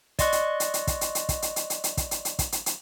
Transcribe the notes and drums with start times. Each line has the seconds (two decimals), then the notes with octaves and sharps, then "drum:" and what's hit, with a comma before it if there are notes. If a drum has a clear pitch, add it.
0.19 D5 D#5 C6 C#6 F#6, drum: kick, hi-hat
0.32 drum: hi-hat
0.60 drum: hi-hat
0.74 drum: hi-hat
0.87 drum: kick, hi-hat
1.01 drum: hi-hat
1.15 drum: hi-hat
1.29 drum: kick, hi-hat
1.42 drum: hi-hat
1.56 drum: hi-hat
1.70 drum: hi-hat
1.84 drum: hi-hat
1.97 drum: kick, hi-hat
2.11 drum: hi-hat
2.25 drum: hi-hat
2.39 drum: kick, hi-hat
2.52 drum: hi-hat
2.66 drum: hi-hat